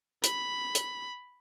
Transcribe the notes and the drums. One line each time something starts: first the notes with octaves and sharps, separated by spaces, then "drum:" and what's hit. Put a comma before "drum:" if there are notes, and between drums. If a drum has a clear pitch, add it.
B5, drum: hi-hat
drum: hi-hat